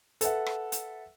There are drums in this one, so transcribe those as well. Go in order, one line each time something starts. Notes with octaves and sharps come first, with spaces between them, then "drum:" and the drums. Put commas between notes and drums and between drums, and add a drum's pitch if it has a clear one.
A4 B4 E5 F#5, drum: hi-hat
drum: rim click
drum: hi-hat